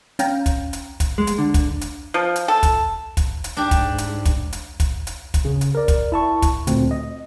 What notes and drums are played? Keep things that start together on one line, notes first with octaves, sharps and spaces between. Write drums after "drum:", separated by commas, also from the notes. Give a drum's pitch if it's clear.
C#4 F5 G5 A#5, drum: hi-hat
drum: kick, hi-hat
drum: hi-hat
drum: kick, hi-hat
G#3
drum: hi-hat
D3
drum: kick, hi-hat
drum: hi-hat
F3
drum: hi-hat
A4
drum: kick, hi-hat
drum: kick, hi-hat
drum: hi-hat
G#2 D4 G4
drum: kick, hi-hat
drum: hi-hat
drum: kick, hi-hat
drum: hi-hat
drum: kick, hi-hat
drum: hi-hat
drum: kick, hi-hat
C#3
drum: hi-hat
A#4 D5
drum: kick, hi-hat
E4 A5 C#6
drum: kick, hi-hat
D2 A#2 C4, drum: hi-hat
D#5